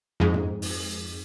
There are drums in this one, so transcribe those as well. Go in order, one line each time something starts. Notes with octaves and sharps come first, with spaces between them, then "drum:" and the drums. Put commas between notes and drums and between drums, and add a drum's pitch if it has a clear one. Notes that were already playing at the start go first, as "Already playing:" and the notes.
F2 G#2
drum: tom F#2
drum: open hi-hat